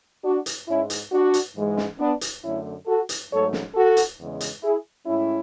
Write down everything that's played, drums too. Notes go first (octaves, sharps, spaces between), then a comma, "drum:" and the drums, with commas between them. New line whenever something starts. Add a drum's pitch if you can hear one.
D4 F#4
drum: hi-hat
G#2 G#3 C#4 E4
drum: hi-hat
D4 F#4
drum: hi-hat
G#2 E3 G#3
drum: snare
B3 D4
drum: hi-hat
F#2 D3 A3 C#4 E4
F#4 A4
drum: hi-hat
G#2 F#3 A3 A4 C#5
drum: snare
F#4 A4
drum: hi-hat
E2 C#3 G#3
drum: hi-hat
E4 G#4
A2 G#3 C#4 E4